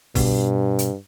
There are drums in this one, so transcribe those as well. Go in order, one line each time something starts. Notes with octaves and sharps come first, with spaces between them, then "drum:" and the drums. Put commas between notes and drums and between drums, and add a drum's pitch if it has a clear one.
G2 B2, drum: kick C2, open hi-hat
drum: hi-hat